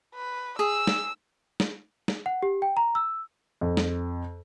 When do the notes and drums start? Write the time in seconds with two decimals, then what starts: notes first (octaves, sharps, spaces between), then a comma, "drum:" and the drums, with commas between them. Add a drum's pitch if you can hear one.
0.15 B4
0.59 G#4 E6
0.87 drum: snare
1.60 drum: snare
2.08 drum: snare
2.26 F#5
2.43 G4
2.62 G5
2.77 A#5
2.95 E6
3.61 F2
3.77 drum: snare